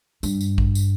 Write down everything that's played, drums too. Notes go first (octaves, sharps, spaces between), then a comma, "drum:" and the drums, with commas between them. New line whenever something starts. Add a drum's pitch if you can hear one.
G2, drum: tambourine
drum: tambourine
drum: kick A1
drum: tambourine